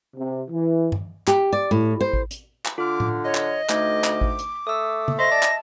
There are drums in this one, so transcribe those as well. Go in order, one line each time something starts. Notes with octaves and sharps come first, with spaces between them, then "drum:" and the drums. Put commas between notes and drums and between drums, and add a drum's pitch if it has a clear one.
C3
E3
drum: tom G2
G4, drum: clap
D5
A2
C5
drum: kick A1
drum: hi-hat
drum: clap
D3 F4 D6 F6
drum: tom A2
C#5 D#5
drum: clap
D2 A3 D#4 D6 G6, drum: clap
drum: clap
drum: kick A1
drum: hi-hat
A3 D#6 E6
drum: tom
C5 D#5 E5 A#6
D5 A5
drum: clap